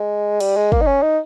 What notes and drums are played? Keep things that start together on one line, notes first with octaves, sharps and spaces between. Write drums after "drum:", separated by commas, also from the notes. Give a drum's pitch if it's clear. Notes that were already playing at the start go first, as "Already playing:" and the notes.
Already playing: G#3
G3, drum: cymbal
G#3
A#3, drum: kick
D#4
C#4
D#4